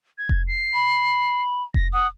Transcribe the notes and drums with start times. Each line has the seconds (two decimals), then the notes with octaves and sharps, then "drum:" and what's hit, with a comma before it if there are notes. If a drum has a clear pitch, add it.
0.18 G#6
0.29 drum: kick F1
0.48 C7
0.74 B5
1.74 A#6, drum: kick F1
1.93 F#5 D#6